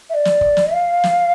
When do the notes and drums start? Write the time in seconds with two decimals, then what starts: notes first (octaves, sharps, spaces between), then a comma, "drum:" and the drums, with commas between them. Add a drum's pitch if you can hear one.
0.10 E5
0.14 D5
0.25 drum: snare
0.41 drum: kick
0.57 drum: snare
0.72 F5
1.03 drum: snare